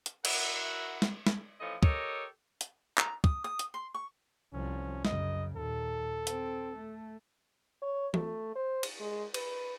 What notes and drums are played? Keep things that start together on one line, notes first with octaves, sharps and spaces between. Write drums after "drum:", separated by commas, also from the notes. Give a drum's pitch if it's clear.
drum: hi-hat
E4 F#4 A#4 E5 F#5, drum: cymbal
drum: snare
drum: snare
E3 F3 A3 C#4 D#5
G4 A4 A#4 C#5 D#5, drum: kick
drum: hi-hat
A#5, drum: clap
D#6, drum: kick
D#6
drum: hi-hat
C6
C#6
C2 F3 C#4
F#2 C#3 D#5, drum: snare
D#2 A#2 A4
C4, drum: hi-hat
A3
C#5
A3, drum: tom E3
C5
drum: cymbal
G#3
B4, drum: cymbal